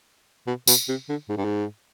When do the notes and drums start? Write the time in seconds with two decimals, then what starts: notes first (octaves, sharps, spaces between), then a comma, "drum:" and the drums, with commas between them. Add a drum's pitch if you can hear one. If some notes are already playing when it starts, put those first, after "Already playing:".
0.47 B2
0.67 B2, drum: tambourine
0.88 C3
1.09 D3
1.29 G#2
1.37 G2
1.44 G#2